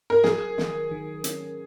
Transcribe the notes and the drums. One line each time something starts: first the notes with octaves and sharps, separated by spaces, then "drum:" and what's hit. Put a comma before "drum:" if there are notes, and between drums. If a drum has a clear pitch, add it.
A#4
F#3 G#4, drum: snare
D#3, drum: snare
D#3
C#4, drum: hi-hat